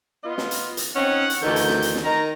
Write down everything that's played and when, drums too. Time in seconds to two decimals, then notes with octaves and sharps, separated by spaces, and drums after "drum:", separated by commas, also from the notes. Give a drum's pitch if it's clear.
0.24 B3 F4 D#5
0.38 drum: snare
0.51 drum: hi-hat
0.77 drum: hi-hat
0.95 C4 C#4 D#4 F#5
1.30 drum: hi-hat
1.43 D2 D#3 E3 A4 G6
1.56 drum: hi-hat
1.69 drum: snare
1.82 drum: hi-hat
1.95 drum: snare
2.05 D#3 A#5